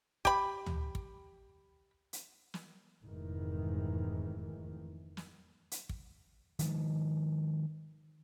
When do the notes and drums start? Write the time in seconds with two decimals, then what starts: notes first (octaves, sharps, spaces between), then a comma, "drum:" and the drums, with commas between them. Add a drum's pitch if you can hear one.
0.25 G4 B5, drum: kick
0.66 drum: tom
0.95 drum: kick
2.13 drum: hi-hat
2.54 drum: snare
3.04 F1 E2 G#2 D#3 E3
5.17 drum: snare
5.71 drum: hi-hat
5.89 drum: kick
6.59 D#3 F3 G#3, drum: hi-hat